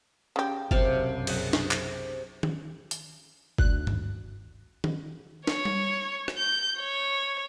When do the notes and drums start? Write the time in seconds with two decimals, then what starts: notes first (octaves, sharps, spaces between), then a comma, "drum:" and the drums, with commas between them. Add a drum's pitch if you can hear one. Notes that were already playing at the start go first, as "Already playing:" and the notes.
0.36 C#3 G4
0.71 B1 F#2 C3 F#3 F5 A5, drum: kick G1
1.27 G#4 F#5, drum: cymbal
1.53 drum: snare
1.71 drum: clap
2.43 drum: tom D#3
2.91 drum: hi-hat
3.58 D2 F#6, drum: kick G1
3.87 drum: tom G2
4.84 drum: tom D#3
5.47 C#5, drum: snare
5.65 drum: tom G3
6.28 drum: rim click
6.37 G6
6.79 C#5